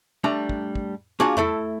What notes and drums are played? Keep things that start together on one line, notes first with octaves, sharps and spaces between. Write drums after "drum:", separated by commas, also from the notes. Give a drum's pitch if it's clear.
G3 A3 D4 A#5
drum: kick
drum: kick
A#3 D4 F4 F#4 G#4
A3 E4 A4, drum: tom E2